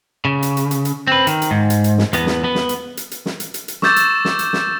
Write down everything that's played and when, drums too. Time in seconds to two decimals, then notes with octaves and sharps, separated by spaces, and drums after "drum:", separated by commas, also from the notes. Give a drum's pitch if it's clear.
0.25 C#3
0.43 drum: hi-hat
0.57 drum: hi-hat
0.71 drum: hi-hat
0.85 drum: hi-hat
1.07 C4 B4
1.27 D#3, drum: hi-hat
1.42 drum: hi-hat
1.51 G#2
1.70 drum: hi-hat
1.84 drum: hi-hat
1.98 drum: snare
2.13 E2 B3, drum: hi-hat
2.27 drum: snare
2.44 B3
2.55 drum: snare
2.69 drum: hi-hat
2.97 drum: hi-hat
3.11 drum: hi-hat
3.26 drum: snare
3.40 drum: hi-hat
3.54 drum: hi-hat
3.68 drum: hi-hat
3.82 C#6 D6 E6 G6 A6 E7, drum: snare
3.96 drum: hi-hat
4.25 drum: snare
4.39 drum: hi-hat
4.53 drum: snare